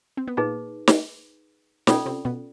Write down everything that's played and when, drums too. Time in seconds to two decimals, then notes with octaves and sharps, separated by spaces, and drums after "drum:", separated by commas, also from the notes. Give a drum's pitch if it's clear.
0.17 C4
0.28 B3
0.37 A#2 A#3 D#4 G#4 B4
0.88 drum: snare
1.87 B2 B3 C#4 F4 A4 D5, drum: snare
2.06 C3 C4
2.25 B2 B3